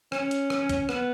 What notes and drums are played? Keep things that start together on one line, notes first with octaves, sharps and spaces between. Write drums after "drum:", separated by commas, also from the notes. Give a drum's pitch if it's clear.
C#4, drum: rim click
drum: hi-hat
drum: rim click
drum: kick, hi-hat
B3, drum: rim click